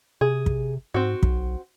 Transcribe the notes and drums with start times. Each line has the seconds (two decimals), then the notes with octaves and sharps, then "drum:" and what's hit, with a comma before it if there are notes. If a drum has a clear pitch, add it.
0.21 C3 G#4
0.46 drum: kick
0.94 G#2 C4 F#4
1.23 B1, drum: kick